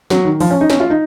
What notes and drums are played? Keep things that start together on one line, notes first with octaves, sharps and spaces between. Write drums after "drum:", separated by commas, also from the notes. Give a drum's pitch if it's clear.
F#3, drum: snare
D#3
F3, drum: open hi-hat
C#4
D#4
C#4, drum: snare
F4
D#4